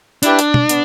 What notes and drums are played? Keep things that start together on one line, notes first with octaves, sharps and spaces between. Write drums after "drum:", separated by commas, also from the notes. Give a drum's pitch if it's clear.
D4 E4 G4 B4, drum: hi-hat
drum: hi-hat
drum: tom
B3, drum: hi-hat